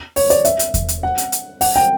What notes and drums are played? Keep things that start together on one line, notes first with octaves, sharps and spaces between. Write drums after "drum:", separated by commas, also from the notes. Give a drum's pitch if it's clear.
C#5, drum: open hi-hat
D5, drum: hi-hat
E5, drum: hi-hat
drum: hi-hat
drum: kick E2, hi-hat
drum: hi-hat
F#5
drum: hi-hat
drum: hi-hat
F#5, drum: open hi-hat
G5